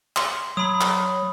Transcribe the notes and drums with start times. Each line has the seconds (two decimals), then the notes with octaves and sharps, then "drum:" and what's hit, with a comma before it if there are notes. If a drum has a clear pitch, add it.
0.16 C6, drum: clap
0.57 F#3 B5 D#6
0.81 drum: clap